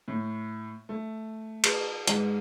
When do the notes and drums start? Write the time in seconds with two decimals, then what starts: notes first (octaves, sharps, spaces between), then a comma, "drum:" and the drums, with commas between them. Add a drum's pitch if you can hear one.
0.08 A2
0.89 A3
1.64 drum: cymbal
2.07 G#2, drum: hi-hat